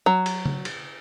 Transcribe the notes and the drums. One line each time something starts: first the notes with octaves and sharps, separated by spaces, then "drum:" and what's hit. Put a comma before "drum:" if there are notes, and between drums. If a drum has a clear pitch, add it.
F#3
drum: cymbal
drum: tom C#3
drum: cymbal